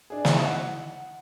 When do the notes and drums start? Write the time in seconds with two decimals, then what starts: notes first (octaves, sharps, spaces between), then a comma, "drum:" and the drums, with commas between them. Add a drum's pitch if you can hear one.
0.10 D4 G#4
0.25 D#4 E4, drum: snare
0.44 F#5